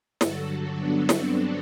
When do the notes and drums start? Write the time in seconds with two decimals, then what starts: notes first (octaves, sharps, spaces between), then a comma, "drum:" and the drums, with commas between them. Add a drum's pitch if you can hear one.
0.21 G2 D3 F#3 F#4 A4, drum: snare
0.79 B3 D4
1.09 C4, drum: snare